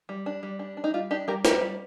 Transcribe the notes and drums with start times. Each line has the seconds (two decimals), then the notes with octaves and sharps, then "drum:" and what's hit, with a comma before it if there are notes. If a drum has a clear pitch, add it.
0.09 G3
0.26 D4
0.43 G3
0.59 D4
0.77 D4
0.84 D#4
0.94 G3 F4
1.11 D4 D#4 G4
1.28 G3 G4 A#4
1.45 D#4 G4 A#4, drum: snare
1.61 G3